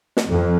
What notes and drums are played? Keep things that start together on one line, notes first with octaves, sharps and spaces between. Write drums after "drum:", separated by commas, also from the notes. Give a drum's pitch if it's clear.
drum: snare
F2